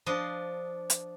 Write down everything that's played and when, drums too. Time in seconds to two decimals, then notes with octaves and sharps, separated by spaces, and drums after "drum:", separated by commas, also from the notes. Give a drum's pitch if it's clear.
0.06 F3 D4 D#5 C6
0.90 drum: hi-hat